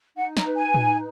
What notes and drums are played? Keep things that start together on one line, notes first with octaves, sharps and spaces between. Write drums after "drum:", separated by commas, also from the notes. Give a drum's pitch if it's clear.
D#4 F#5
A#5, drum: snare
B4
G#5
D#4, drum: tom